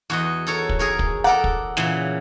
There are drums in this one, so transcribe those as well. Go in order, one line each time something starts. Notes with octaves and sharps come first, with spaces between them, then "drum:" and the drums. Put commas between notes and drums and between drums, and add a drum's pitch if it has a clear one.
E2 F#4 D#5
A4 A#4 C#5
drum: kick
G#4 A#4 C#5
drum: kick
A4 A#4 D5 F#5
drum: kick
A#2 C#3 E3, drum: snare